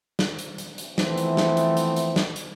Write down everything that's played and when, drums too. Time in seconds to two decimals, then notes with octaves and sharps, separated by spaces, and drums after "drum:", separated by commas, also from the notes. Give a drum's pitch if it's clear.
0.19 drum: snare
0.39 drum: hi-hat
0.58 drum: hi-hat
0.78 drum: hi-hat
0.98 E3 F3 A3 B3 C4, drum: snare
1.18 drum: hi-hat
1.37 drum: snare
1.57 drum: hi-hat
1.77 drum: hi-hat
1.96 drum: hi-hat
2.16 drum: snare
2.36 drum: hi-hat